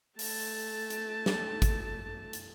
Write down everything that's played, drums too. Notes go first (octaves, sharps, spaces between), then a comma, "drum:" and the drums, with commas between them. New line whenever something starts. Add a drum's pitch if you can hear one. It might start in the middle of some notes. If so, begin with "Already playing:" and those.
A3 A5, drum: open hi-hat
drum: hi-hat
drum: snare
drum: kick, hi-hat
drum: hi-hat